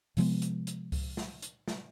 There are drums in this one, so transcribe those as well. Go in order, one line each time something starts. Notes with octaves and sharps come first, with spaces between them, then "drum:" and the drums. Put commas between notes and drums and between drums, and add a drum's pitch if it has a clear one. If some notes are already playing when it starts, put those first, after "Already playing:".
C3 F3 G#3 B3, drum: open hi-hat
drum: hi-hat
drum: hi-hat
drum: kick C#2, open hi-hat
drum: snare
drum: hi-hat
drum: snare